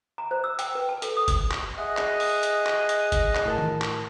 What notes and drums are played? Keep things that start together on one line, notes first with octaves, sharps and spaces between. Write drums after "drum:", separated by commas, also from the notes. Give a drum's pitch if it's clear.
A#5
C5
E6
G5, drum: hi-hat
B4
A5
A4, drum: hi-hat
D#6
drum: kick, hi-hat
drum: clap
G#4 D#5 E5 F#5
drum: clap
drum: open hi-hat
drum: hi-hat
drum: clap
drum: hi-hat
drum: kick, hi-hat
drum: clap
A2 A#4 A5
drum: tom D#3
drum: clap